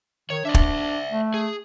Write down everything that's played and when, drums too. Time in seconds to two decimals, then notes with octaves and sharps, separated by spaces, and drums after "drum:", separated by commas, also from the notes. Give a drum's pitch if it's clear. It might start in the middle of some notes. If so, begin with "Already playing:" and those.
0.30 D#3 C#5
0.45 D4 D5 E5
0.54 drum: kick
1.12 A3
1.34 G#4